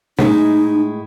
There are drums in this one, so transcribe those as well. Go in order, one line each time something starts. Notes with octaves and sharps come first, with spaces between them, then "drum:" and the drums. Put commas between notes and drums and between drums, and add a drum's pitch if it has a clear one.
A2 G#3 D#4 E4, drum: tom